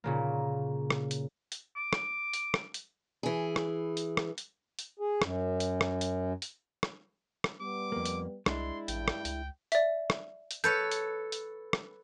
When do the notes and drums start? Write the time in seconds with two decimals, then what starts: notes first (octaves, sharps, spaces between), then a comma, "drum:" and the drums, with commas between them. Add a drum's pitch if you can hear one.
0.04 A#2 C#3 A#3
0.90 drum: rim click
1.11 drum: hi-hat
1.52 drum: hi-hat
1.76 D6
1.93 drum: rim click
2.33 drum: hi-hat
2.54 drum: rim click
2.74 drum: hi-hat
3.23 E3 G#4
3.56 drum: rim click
3.97 drum: hi-hat
4.17 drum: rim click
4.38 drum: hi-hat
4.79 drum: hi-hat
4.99 G#4
5.22 F#2, drum: rim click
5.60 drum: hi-hat
5.81 drum: rim click
6.01 drum: hi-hat
6.42 drum: hi-hat
6.83 drum: rim click
7.44 drum: rim click
7.60 G3 B3 B4 D6
7.92 F2 A#3
8.05 drum: hi-hat
8.46 C2 G#3 D4 E4 C6, drum: rim click
8.88 A1 G2 G5, drum: hi-hat
9.08 drum: rim click
9.25 C#2, drum: hi-hat
9.72 D5 E5, drum: hi-hat
10.10 drum: rim click
10.51 drum: hi-hat
10.64 A4 B4 C#5 G6
10.91 drum: hi-hat
11.32 drum: hi-hat
11.73 drum: rim click